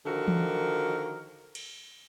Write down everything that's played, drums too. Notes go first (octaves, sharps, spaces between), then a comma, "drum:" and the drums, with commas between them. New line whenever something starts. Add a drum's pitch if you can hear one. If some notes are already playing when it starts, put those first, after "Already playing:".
D3 D#3 F3 F#4 A#4
drum: tom E3
drum: cymbal